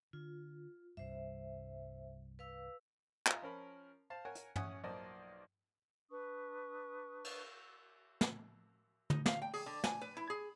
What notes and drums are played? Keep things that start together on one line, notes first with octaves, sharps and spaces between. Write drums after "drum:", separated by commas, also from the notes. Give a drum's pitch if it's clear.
D3 F4
C2 G2 C5 E5
B4 F5 E6
F4 D#5 E5 G#5 A#5, drum: clap
F3 C#4 A#4 B5
C5 F5 A5
A#4 C#5 F#5 G#5
drum: hi-hat
A1 C#4 F#5 G#5 D#6, drum: tom
B1 F3 A#3 C5 D5 D#5
D4 B4 C#6 D#6
drum: cymbal
drum: snare
D#4, drum: tom
F5, drum: snare
G5
G#4, drum: open hi-hat
D3
G#5, drum: snare
B4
E4
G#4